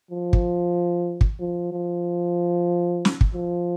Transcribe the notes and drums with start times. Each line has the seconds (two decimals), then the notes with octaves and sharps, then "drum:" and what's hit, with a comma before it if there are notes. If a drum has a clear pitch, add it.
0.11 F3
0.33 drum: kick
1.21 drum: kick
1.40 F3
1.72 F3
3.05 drum: snare
3.21 drum: kick
3.34 F3